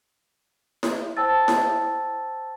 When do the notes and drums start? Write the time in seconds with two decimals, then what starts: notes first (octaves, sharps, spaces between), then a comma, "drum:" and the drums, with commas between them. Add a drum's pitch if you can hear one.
0.83 drum: snare E4
1.17 C5 G5 A5 E6 A6
1.48 drum: snare E4